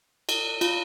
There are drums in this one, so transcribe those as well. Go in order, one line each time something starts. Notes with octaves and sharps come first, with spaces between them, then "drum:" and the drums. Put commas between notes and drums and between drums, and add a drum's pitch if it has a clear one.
drum: cymbal
F4, drum: cymbal